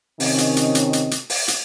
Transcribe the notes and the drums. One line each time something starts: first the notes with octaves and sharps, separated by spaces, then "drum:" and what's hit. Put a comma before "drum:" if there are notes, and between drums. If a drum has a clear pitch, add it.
C3 D#3 C#4 D#5, drum: open hi-hat
drum: hi-hat
drum: hi-hat
drum: hi-hat
drum: hi-hat
drum: hi-hat
drum: open hi-hat
drum: hi-hat